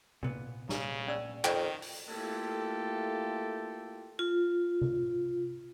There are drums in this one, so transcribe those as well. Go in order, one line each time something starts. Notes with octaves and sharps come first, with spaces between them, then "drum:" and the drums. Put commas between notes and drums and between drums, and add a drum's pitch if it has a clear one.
A#2 B3, drum: tom C3
C#3 A#5, drum: snare
C#4 D5 E6
F2 D#3 G5, drum: clap
drum: open hi-hat
A3 A#3 E4 F4 G4 A4, drum: cymbal
F4
drum: tom C3